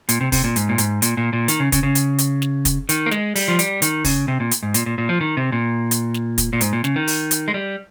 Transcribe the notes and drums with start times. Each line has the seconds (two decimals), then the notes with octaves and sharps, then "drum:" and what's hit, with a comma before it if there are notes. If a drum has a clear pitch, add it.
0.09 A#2, drum: hi-hat
0.21 C3
0.32 C3, drum: kick, open hi-hat
0.44 A#2
0.56 G#2, drum: hi-hat
0.69 A#2
0.78 G#2, drum: hi-hat
1.02 A#2, drum: hi-hat
1.17 A#2
1.33 A#2
1.48 D#3, drum: hi-hat
1.60 C#3
1.72 C#3, drum: kick, hi-hat
1.83 C#3
1.95 drum: hi-hat
2.18 drum: hi-hat
2.42 drum: snare
2.65 drum: kick, hi-hat
2.89 D#3, drum: hi-hat
3.06 A#3
3.11 G#3, drum: snare
3.36 G3, drum: open hi-hat
3.48 F3
3.59 G3, drum: hi-hat
3.82 D#3, drum: hi-hat
4.05 C#3, drum: kick, open hi-hat
4.28 C3
4.40 A#2
4.51 drum: hi-hat
4.63 G#2
4.74 A#2, drum: hi-hat
4.86 A#2
4.98 A#2
5.09 F3
5.21 D#3
5.37 C3
5.52 A#2
5.91 drum: hi-hat
6.14 drum: snare
6.38 drum: kick, hi-hat
6.53 A#2
6.61 G#2, drum: hi-hat
6.73 A#2
6.84 C#3, drum: snare
6.96 D#3
7.07 drum: open hi-hat
7.31 drum: hi-hat
7.48 G#3
7.54 G3